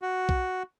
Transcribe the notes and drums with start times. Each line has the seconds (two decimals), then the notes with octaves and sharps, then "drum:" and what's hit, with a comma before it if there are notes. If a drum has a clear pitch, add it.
0.02 F#4
0.29 drum: kick B1